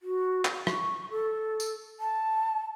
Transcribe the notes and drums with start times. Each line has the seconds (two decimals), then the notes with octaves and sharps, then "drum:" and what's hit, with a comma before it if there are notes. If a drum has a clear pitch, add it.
0.01 F#4
0.45 drum: clap
0.67 C#6, drum: rim click
1.11 A4
1.60 drum: tambourine
2.00 A5